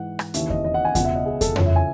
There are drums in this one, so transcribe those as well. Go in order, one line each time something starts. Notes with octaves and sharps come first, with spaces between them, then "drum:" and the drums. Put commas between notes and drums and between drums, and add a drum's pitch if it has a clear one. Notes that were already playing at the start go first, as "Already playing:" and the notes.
Already playing: G#2 E3 F#5
drum: rim click
D#2 C#3 E3 E5, drum: hi-hat
D#5, drum: kick E2
D#5
F#5
G#5
C#2 B2 F#5, drum: kick E2, hi-hat
E5
D#5
G#4
A4, drum: kick E2, hi-hat
C#2 C#3 E3 C#5, drum: tom F2
E5
G#5